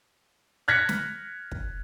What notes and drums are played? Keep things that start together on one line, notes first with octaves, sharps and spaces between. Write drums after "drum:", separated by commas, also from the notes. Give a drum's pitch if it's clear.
F6 F#6 G#6 A#6 B6 C#7
drum: snare
drum: kick